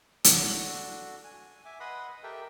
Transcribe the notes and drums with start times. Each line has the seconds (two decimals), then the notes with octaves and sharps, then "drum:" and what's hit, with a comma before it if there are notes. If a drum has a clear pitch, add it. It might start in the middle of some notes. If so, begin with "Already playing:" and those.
0.24 D4 F#4 A4, drum: hi-hat
1.24 G#5
1.65 E5 G#5 D6
1.80 B4 D#5 F#5 B5 C6 D#6
2.23 G4 A4 A#4 E5 G5